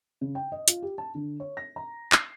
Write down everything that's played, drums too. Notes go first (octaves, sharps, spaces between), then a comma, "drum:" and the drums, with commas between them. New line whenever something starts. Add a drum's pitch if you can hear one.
C#3
G5
D#5
F4, drum: hi-hat
G4
A5
D3
C#5
A#6
A#5
C7, drum: clap